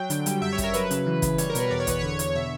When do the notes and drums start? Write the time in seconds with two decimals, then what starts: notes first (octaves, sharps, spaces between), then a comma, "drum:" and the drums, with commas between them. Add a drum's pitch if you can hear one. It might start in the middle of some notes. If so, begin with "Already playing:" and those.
Already playing: F#3 G5
0.10 D3, drum: hi-hat
0.26 G3, drum: hi-hat
0.41 F#2 E5
0.52 C#5
0.58 F#2, drum: kick, hi-hat
0.64 A#4
0.74 F#3 B4, drum: hi-hat
0.91 C#3, drum: hi-hat
1.06 E3
1.22 C#3, drum: kick, hi-hat
1.38 G3 C#5, drum: hi-hat
1.50 A#4
1.55 B2, drum: hi-hat
1.60 B4
1.71 E2 D5
1.80 C#5
1.87 E2 B4, drum: kick, hi-hat
1.99 D3 C#5
2.19 D3, drum: hi-hat
2.35 B2 E5